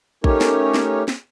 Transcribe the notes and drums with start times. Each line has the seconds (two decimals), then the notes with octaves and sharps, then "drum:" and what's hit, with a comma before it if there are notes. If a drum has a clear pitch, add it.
0.24 A3 C#4 D#4 G4 A#4 C#5, drum: kick A#1
0.41 drum: snare
0.74 drum: snare
1.08 drum: snare